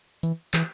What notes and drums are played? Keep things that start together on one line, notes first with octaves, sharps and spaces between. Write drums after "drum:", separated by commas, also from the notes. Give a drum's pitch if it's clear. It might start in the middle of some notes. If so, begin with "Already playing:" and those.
E3, drum: hi-hat
E3, drum: clap